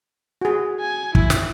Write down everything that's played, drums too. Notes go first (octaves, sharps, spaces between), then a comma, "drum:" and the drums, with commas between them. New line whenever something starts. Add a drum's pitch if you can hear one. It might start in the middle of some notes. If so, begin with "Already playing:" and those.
F#4 G#4
G#5
E4, drum: kick
drum: snare